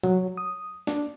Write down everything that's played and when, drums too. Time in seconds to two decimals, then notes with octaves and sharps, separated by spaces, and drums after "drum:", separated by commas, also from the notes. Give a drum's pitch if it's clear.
0.03 F#3, drum: tom B2
0.37 D#6
0.87 D4, drum: snare